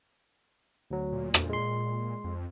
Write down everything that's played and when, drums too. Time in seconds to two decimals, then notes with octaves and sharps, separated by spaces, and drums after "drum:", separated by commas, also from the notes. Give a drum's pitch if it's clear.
0.91 D2 F#3
1.12 A#2
1.34 drum: rim click
1.49 G#3 C6
2.24 F2